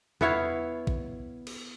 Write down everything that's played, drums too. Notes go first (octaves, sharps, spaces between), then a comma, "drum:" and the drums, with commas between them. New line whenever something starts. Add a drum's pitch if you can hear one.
B3 E4 C#5 F5, drum: tom E2
drum: kick
drum: cymbal